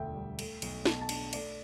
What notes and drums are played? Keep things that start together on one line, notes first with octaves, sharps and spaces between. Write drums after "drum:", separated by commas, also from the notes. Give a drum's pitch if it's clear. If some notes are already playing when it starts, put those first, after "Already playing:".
Already playing: E1 D2 E5 G5
G3
A3, drum: cymbal
B1, drum: cymbal
B2 A5, drum: snare
A5
D4, drum: cymbal
A3 D5, drum: cymbal